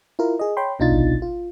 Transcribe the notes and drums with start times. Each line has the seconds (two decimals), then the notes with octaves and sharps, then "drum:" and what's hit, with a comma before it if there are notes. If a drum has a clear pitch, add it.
0.19 E4 F4 A#4
0.39 G#4 D#5
0.57 C#5 G5 B5 C6
0.79 C2 B2 D4 D#4 F4 A6
0.92 drum: kick G#1
1.22 F4